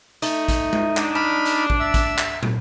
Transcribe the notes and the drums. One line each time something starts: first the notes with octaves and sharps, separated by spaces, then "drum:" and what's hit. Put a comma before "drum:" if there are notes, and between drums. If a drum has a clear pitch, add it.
A3 D#4, drum: hi-hat
drum: kick A1, hi-hat
drum: tom G#3
D4, drum: clap
A5 B5 F6
drum: hi-hat
drum: kick A1
E5 E6
drum: kick A1, hi-hat
drum: clap
drum: tom